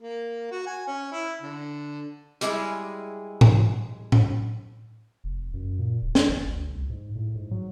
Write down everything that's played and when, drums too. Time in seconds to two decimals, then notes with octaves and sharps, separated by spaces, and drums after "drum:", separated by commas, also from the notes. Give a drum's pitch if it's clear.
0.01 A#3
0.51 F#4
0.67 G#5
0.87 C#4
1.12 E4
1.42 D3
2.41 G3 G#3 E4 G#4, drum: hi-hat
3.41 drum: tom
4.12 drum: tom A2
5.24 F1
5.54 F#2
5.79 A#2
6.01 D1
6.15 E2, drum: snare
6.28 G1
6.49 D2
6.70 C2
6.89 G#2
7.16 A2
7.35 G#2
7.51 F#3